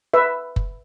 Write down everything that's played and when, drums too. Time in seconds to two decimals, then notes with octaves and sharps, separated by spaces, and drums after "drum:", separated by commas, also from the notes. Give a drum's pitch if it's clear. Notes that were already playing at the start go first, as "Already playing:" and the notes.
0.14 B4 E5
0.56 drum: kick F#1